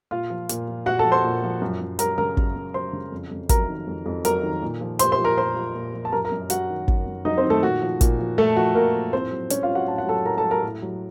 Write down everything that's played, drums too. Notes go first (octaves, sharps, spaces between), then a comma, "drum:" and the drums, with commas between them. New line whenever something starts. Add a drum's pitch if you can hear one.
A#2 F4 F5
F3
A#2, drum: hi-hat
F3
A#2 F#4 F#5
A4 A5
F3
C5 C6
A#2
F3
F#2
F#2
F#3 A#4 A#5, drum: hi-hat
C#3 A#4 A#5
F#2, drum: kick
F#2
F#3 C5 C6
C#3
F2
F2
F#3 A#4 A#5, drum: kick, hi-hat
D#3
F2
F2
F#3 A#4 A#5, drum: hi-hat
D#3
A#2
F3
A#2 C5 C6, drum: hi-hat
C5 C6
F3
A#4 A#5
A#2 C5 C6
F3
A#2
F3
A5
F#2 A#4 A#5
A#4 A#5
F#2
F#3 F#4 F#5, drum: hi-hat
D#3
F#2, drum: kick
F#2
F#3 D#4 D#5
C4 C5
D#3
A3 A4
A#2 F#4
F3
A#2, drum: kick, hi-hat
F3
A#2 A3 A4
F3 F#4
A#2 A#3 A#4
F3
A2 C4 C5
F#3
A2 C#4 C#5, drum: hi-hat
F4 F5
F#3
F#4 F#5
A2 A5
F#5
F#3 A4 A5
A2 A#4 A#5
A4 A5
F#3
A#4 A#5
A2
F#3